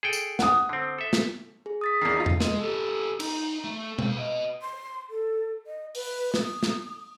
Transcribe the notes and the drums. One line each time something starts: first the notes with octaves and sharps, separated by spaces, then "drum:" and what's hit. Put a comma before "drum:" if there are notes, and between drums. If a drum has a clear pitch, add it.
G#4 A4 G5
drum: tambourine
F#5 D#6, drum: snare
D3 C4
A4 E5
drum: snare
G#4
D#6 A6 B6
E2 D#3 C7
D#4 F4
drum: tom E2
G#3, drum: snare
G4 A4
D#4, drum: cymbal
A3
C4 F5, drum: tom B2
B4 D#5
C6
A4
D#5
B4, drum: open hi-hat
D#6, drum: snare
drum: snare